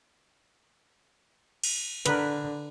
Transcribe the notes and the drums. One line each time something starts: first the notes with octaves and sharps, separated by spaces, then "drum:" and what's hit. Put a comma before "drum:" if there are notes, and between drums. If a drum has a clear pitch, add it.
drum: cymbal
D3 A#4 B4, drum: hi-hat